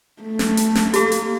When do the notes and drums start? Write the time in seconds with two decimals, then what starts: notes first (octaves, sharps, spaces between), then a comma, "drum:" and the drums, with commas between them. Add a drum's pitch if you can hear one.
0.22 A3
0.39 drum: snare
0.57 drum: hi-hat
0.75 drum: snare
0.94 A#3 G4 A4, drum: hi-hat
1.12 drum: hi-hat